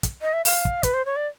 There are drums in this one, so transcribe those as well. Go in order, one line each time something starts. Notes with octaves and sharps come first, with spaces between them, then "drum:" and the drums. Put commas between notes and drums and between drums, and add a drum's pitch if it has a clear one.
drum: kick, hi-hat
D#5
E5
F5, drum: open hi-hat
drum: kick
B4, drum: kick, hi-hat
C5
C#5
D5